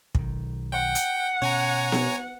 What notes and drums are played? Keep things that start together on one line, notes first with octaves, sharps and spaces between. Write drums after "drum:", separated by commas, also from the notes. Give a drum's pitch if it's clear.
B1 D#3, drum: kick
F#5 G5
drum: hi-hat
B2 C#4 C#5 G#5 A#5
drum: snare B3